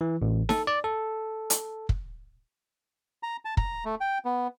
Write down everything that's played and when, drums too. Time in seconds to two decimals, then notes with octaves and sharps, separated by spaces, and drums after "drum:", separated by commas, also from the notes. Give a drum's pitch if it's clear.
0.01 E3
0.22 A1
0.49 A4, drum: snare D#4
0.67 D5
0.84 A4
1.50 drum: hi-hat
1.89 drum: kick
3.23 A#5
3.45 A5
3.57 A#5, drum: kick
3.85 A3
4.01 G5
4.25 B3